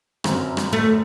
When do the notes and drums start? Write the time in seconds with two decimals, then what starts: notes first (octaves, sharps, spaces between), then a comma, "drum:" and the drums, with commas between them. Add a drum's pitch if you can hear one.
0.24 G1 F#2 F#3 C4 F#4, drum: rim click
0.57 drum: rim click
0.73 A3